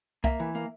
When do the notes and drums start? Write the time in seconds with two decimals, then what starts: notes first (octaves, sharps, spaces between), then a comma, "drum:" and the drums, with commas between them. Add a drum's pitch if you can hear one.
0.24 A#3 E5, drum: kick C2, hi-hat
0.40 E3
0.55 A#3